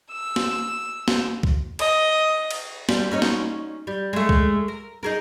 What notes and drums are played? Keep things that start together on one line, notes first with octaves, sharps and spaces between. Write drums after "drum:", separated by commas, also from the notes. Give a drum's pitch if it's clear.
E6
drum: snare
drum: snare
drum: kick
D#5, drum: cymbal
drum: cymbal
G3, drum: snare
C#4 D#4 C#5
drum: snare
G3
G#3 A3
drum: kick
A#4
D#4 G#4 A#4